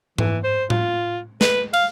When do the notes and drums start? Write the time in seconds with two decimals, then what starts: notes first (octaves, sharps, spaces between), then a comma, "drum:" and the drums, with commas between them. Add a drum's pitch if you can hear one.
0.18 E3, drum: tom G#2
0.44 C5
0.70 F4, drum: tom A2
1.41 B4, drum: snare
1.73 F5, drum: cymbal